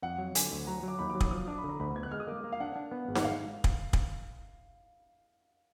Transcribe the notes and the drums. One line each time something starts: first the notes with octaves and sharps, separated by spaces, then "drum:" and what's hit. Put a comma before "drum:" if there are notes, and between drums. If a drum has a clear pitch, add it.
F2 F#5
F#3
D3 G#5, drum: hi-hat
D2
F#3 A#5
F#3
D6
D#2 B5
D6
F#3
D#6, drum: kick
F3 D#6
D4 D6
B5
D3 A#5
D2 B5
B3 G#6
F#6
G#3 F6
D#6
A#3 D6
A#3
F5
D4 F#5
D4
B3
G#1
F#5, drum: snare D#4
G#2 F5
drum: kick
drum: kick